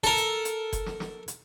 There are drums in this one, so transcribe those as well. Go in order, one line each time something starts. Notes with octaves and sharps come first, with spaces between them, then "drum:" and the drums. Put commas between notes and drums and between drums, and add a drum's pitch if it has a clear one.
A4 A#4
drum: hi-hat
drum: hi-hat
drum: kick F#1, hi-hat
drum: snare
drum: snare
drum: hi-hat